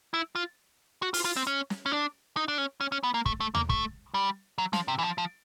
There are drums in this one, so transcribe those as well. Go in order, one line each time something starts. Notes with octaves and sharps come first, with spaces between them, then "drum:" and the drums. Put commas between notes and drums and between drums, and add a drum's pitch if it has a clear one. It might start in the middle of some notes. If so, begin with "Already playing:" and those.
E4
F4
F#4
F4, drum: open hi-hat
F4
C4
C#4
drum: snare
C#4
D4
D#4
D4
C#4
C#4
C#4
B3
A#3
A3, drum: kick
A3
A#3, drum: tom D#2
A3, drum: kick
G3
F#3
F3, drum: snare
C3
E3
F3
F3